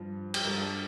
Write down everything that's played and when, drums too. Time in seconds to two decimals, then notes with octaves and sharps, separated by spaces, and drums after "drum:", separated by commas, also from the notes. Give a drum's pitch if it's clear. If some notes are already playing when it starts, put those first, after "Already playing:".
Already playing: G2 F3
0.34 G4, drum: cymbal
0.44 G2 G3 A#4
0.58 F4
0.61 D4